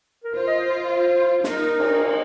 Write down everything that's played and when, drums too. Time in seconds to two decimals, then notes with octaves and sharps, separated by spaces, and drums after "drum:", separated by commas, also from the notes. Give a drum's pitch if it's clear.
0.24 A#4
0.35 F4 C5
0.47 D#5
0.59 C5
0.72 C5
1.44 D#4 A#4, drum: snare
1.80 D#4, drum: cymbal